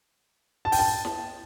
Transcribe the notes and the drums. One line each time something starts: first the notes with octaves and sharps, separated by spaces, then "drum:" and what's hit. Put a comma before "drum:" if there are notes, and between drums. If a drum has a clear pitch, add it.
A5
G5, drum: open hi-hat
A5
drum: snare E4